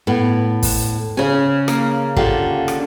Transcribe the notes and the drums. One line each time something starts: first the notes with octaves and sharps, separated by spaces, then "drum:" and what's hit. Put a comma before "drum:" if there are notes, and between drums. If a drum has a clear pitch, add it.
A2 B3
drum: kick, open hi-hat
C#3 C#4 G#5
A#3, drum: rim click
D3 F4 G4, drum: kick
drum: rim click